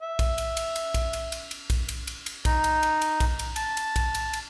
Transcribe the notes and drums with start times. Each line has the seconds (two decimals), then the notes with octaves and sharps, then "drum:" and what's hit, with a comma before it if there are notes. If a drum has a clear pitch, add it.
0.01 E5
0.19 drum: kick, cymbal
0.38 drum: cymbal
0.57 drum: cymbal
0.76 drum: cymbal
0.94 drum: kick, cymbal
1.13 drum: cymbal
1.32 drum: cymbal
1.51 drum: cymbal
1.70 drum: kick, cymbal
1.89 drum: cymbal
2.07 drum: cymbal
2.26 drum: cymbal
2.45 D#4, drum: kick, cymbal
2.64 drum: cymbal
2.83 drum: cymbal
3.02 drum: cymbal
3.20 drum: kick, cymbal
3.39 drum: cymbal
3.56 A5, drum: cymbal
3.77 drum: cymbal
3.96 drum: kick, cymbal
4.15 drum: cymbal
4.33 drum: cymbal